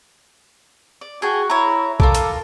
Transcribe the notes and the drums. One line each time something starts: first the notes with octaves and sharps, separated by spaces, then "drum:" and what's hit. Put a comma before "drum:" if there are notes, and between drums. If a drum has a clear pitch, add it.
D5
F#4 G#4 G5 A5
E4 C#5 A#5
F4 A4 A#4 D6, drum: kick B1
drum: hi-hat